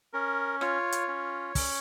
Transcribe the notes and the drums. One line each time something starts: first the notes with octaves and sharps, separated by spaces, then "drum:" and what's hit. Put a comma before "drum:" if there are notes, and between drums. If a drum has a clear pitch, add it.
C#4 A#4
F4 C#5, drum: rim click
drum: hi-hat
C#4
C#4, drum: kick, open hi-hat